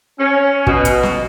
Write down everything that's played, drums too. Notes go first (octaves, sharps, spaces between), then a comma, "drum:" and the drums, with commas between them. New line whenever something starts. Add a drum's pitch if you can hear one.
C#4
B2, drum: kick
drum: hi-hat
drum: snare